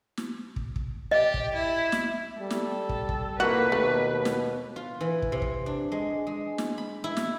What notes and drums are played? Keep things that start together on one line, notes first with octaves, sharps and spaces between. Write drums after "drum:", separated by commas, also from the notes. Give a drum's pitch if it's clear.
drum: snare
drum: kick
drum: kick
G4 D#5
drum: kick
E4
drum: snare
G3 A4
drum: snare
drum: kick
drum: kick
C2 F2 A#3 F#4 B4
D#2 B2 A3
drum: snare
F4
E3
drum: kick
C3
drum: kick
D4
G#3
G#3
drum: snare
B5
E4
drum: snare